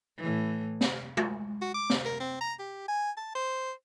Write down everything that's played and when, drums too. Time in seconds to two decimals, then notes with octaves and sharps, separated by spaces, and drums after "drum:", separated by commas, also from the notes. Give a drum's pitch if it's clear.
0.18 A2 E3
0.81 drum: snare
1.17 drum: tom
1.61 F#4
1.74 D6
1.90 drum: snare
2.05 A#4
2.20 C4
2.41 A#5
2.59 G4
2.88 G#5
3.17 A5
3.35 C5